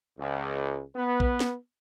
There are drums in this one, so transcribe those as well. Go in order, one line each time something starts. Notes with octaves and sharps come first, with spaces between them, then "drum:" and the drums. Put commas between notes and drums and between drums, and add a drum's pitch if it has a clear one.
C#2
B3 B4
drum: kick
drum: snare